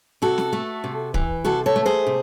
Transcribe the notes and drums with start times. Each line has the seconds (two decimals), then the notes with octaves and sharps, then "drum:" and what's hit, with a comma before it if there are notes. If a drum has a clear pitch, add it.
0.22 C3 F#4 A4
0.38 drum: snare
0.53 A3
0.84 C3
1.14 E3, drum: kick
1.45 C3 F#4 A4
1.66 A4 C#5
1.76 A3
1.86 G#4 C5
2.07 C3